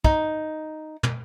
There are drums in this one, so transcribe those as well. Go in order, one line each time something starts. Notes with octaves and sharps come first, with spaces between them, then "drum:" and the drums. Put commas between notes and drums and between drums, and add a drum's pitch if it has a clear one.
D#4, drum: kick
drum: tom